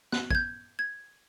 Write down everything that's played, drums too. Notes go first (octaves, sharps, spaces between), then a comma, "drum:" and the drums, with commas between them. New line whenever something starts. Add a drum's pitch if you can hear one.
F#6, drum: snare
G#6, drum: kick
G6
G#6